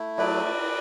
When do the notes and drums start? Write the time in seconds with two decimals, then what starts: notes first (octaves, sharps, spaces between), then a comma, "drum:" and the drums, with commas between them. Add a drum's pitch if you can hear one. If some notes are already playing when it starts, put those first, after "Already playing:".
Already playing: A3 E4
0.18 F#3 B4 D5, drum: cymbal